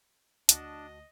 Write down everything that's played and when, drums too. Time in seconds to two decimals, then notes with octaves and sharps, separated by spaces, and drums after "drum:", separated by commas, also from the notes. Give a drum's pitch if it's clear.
0.49 D2 D4 F#4 D#5 A5 D#6, drum: hi-hat